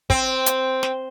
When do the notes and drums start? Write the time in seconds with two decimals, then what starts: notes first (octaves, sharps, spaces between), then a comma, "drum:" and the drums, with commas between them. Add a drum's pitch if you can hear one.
0.10 C4, drum: kick
0.46 drum: hi-hat
0.83 drum: snare